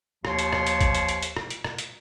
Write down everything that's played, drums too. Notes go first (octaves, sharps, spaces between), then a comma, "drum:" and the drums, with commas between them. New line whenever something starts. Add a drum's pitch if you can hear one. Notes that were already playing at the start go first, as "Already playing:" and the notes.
D#2 F3 C#5 C6, drum: rim click
drum: hi-hat
drum: rim click
drum: hi-hat
drum: kick, hi-hat
drum: hi-hat
drum: hi-hat
drum: hi-hat
drum: rim click
drum: hi-hat
drum: rim click
drum: hi-hat